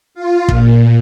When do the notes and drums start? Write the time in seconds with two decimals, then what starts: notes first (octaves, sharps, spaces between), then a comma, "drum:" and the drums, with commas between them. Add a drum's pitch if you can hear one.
0.15 F4
0.48 A#2, drum: kick